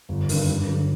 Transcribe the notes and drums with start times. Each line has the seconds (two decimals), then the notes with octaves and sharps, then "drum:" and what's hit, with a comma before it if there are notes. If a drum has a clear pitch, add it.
0.09 G1
0.29 G2 D#3, drum: open hi-hat
0.47 G2
0.67 D3 F#3